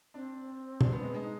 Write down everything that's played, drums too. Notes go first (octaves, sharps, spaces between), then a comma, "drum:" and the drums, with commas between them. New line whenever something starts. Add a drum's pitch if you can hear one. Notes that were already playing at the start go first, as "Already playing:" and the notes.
C4 D4
D4, drum: tom B2
B3
G#3
G#3 D4
D#4